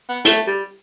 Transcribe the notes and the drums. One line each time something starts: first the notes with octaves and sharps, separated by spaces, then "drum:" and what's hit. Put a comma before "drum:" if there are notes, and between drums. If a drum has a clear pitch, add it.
B3
A3, drum: hi-hat
G3